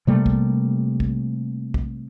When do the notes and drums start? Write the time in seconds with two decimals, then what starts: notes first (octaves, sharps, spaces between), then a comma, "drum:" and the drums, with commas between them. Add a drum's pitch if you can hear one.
0.07 C3 G3 A3 A#3
0.26 drum: kick
1.00 drum: kick
1.74 drum: kick